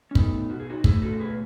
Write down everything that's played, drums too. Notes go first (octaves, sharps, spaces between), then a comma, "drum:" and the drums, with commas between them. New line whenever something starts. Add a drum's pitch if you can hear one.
C#4
A3 B3 D#4, drum: kick
B2 F#4
G#4
D#4 F#4
A3 E4 G#4, drum: kick
F#4 A4
B2 G#4 B4